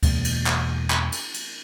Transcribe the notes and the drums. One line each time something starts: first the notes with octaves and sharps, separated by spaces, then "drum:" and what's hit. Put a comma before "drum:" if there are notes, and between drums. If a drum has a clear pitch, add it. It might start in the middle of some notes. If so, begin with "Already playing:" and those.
E2 B2 G#3 A#3, drum: kick D2, cymbal
drum: cymbal
drum: clap
drum: clap
drum: cymbal
drum: cymbal